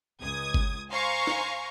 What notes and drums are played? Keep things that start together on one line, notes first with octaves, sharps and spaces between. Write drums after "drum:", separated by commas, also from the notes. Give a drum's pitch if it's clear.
C#2 D#6 G#6
drum: kick G1
C5 F5 G#5 A#5 C6 C#6
drum: snare